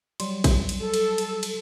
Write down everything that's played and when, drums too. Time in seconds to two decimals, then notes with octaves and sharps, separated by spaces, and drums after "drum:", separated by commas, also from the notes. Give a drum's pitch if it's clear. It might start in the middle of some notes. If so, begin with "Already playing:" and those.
0.20 F#3 G3 C6, drum: cymbal
0.44 drum: kick, cymbal
0.69 drum: cymbal
0.82 A4
0.94 drum: cymbal
1.18 drum: cymbal
1.43 drum: cymbal